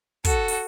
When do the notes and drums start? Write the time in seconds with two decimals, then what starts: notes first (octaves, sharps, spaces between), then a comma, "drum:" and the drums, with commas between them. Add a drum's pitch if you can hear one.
0.25 F#4 A4, drum: kick, hi-hat
0.48 drum: open hi-hat